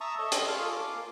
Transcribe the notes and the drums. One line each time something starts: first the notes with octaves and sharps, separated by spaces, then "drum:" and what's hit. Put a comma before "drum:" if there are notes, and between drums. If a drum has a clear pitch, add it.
E5 A5 A#5 C#6 D#6
A4 C#5 D#5
G4 D5 D#5 C6, drum: hi-hat
F4 G#4 A4 C#5 F5 F6
D6
A#3 F4